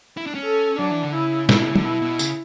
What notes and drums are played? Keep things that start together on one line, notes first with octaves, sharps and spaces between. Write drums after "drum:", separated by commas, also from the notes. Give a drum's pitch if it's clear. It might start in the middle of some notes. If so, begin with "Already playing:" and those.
E4
D4
C#4
A4
F#3 D4
E3
D3
C#3 E4
C#3 E4, drum: snare
B2
C#3
D3, drum: tom
B2 E4
B2
C#3, drum: tambourine